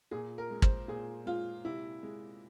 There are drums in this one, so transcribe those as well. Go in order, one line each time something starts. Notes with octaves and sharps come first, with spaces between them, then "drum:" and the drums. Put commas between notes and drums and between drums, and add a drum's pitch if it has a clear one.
A#2 G#4
A#4
G#3
C5, drum: kick
A#2 G#4
G#3 F4
C3 E4
G#3